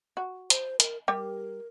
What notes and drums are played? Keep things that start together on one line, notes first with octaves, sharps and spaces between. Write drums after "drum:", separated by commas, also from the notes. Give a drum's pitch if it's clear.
F#4
C5, drum: hi-hat
A#4, drum: hi-hat
G3 G4 A#4